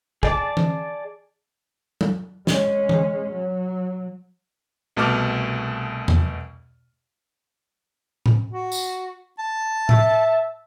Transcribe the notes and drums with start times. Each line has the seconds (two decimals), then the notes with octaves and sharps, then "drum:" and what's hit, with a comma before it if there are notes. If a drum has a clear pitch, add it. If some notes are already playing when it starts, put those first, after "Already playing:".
0.23 G#4 D5 A5 D6, drum: kick
0.57 drum: tom E3
2.01 drum: tom F#3
2.47 G#3 C#4, drum: snare
2.89 drum: tom E3
3.32 F#3
4.96 C2 B2 A3 A5 D6 F6
6.08 drum: tom E2
8.26 drum: tom A2
8.52 F#4
8.72 drum: tambourine
9.39 A5
9.89 E5, drum: tom A2